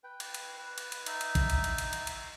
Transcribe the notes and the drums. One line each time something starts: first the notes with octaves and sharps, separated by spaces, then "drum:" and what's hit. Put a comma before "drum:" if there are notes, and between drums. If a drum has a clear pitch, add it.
B4 G5
drum: cymbal
drum: cymbal
B4
drum: cymbal
drum: cymbal
D#4 E5, drum: cymbal
drum: cymbal
drum: kick A1, cymbal
drum: cymbal
drum: cymbal
drum: cymbal
drum: cymbal
drum: cymbal